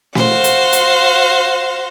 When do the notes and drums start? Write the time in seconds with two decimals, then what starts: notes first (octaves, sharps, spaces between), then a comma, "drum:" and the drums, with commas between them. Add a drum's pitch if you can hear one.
0.15 F#4 C5 F5, drum: snare
0.44 drum: hi-hat
0.73 drum: hi-hat